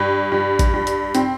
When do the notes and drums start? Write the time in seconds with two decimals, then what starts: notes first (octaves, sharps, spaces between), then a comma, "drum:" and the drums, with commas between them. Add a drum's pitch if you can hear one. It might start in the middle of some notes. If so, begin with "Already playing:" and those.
Already playing: G2
0.32 G2
0.59 drum: kick A1, hi-hat
0.74 G2
0.87 drum: hi-hat
1.15 C4, drum: hi-hat